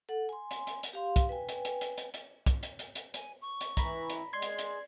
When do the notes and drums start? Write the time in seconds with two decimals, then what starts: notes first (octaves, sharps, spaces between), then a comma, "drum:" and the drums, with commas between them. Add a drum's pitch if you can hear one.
0.09 A4 F#5
0.29 G#5 C6
0.51 drum: hi-hat
0.67 drum: hi-hat
0.83 drum: hi-hat
0.93 G4 F5 C6
1.16 drum: kick, hi-hat
1.29 B4 G5 G#5
1.49 drum: hi-hat
1.65 drum: hi-hat
1.81 drum: hi-hat
1.98 drum: hi-hat
2.14 drum: hi-hat
2.46 drum: kick, hi-hat
2.63 drum: hi-hat
2.79 drum: hi-hat
2.95 drum: hi-hat
3.14 G#5, drum: hi-hat
3.41 C#6
3.61 drum: hi-hat
3.77 E3 A#5 B5, drum: kick, hi-hat
4.10 drum: hi-hat
4.33 G#3 D5 C6 G#6
4.42 drum: hi-hat
4.59 drum: hi-hat